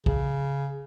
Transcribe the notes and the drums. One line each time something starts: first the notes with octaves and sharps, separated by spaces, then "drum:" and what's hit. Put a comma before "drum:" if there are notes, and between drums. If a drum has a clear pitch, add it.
C#3, drum: kick